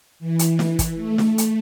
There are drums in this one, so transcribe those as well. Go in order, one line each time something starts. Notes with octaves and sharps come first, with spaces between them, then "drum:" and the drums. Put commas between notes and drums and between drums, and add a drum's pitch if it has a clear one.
E3
drum: hi-hat
drum: snare
drum: kick, hi-hat
A3
drum: snare
drum: hi-hat